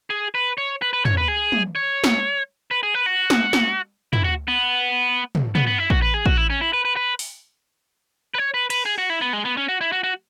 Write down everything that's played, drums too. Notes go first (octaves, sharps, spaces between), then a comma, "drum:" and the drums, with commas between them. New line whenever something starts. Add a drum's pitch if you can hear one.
G#4
B4
C#5
B4
B4
C#5, drum: tom
B4
G#4
drum: tom
C#5
drum: snare
B4
G#4
B4
F#4
drum: snare
drum: snare
E4, drum: tom
F#4
B3
drum: tom
B3, drum: tom
B3
E4
F#4, drum: kick
B4
G#4
F#4, drum: kick
E4
C#4
E4
B4
B4
B4
drum: open hi-hat
B4
C#5
B4
B4, drum: cymbal
G#4
F#4
E4
B3
G#3
B3
C#4
F#4
E4
F#4
F#4